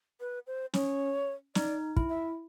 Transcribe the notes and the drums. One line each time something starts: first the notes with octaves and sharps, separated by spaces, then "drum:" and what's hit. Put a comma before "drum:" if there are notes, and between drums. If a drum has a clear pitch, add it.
B4
C5
C#4 C#5, drum: snare
D#4 D5, drum: snare
E4, drum: kick
E5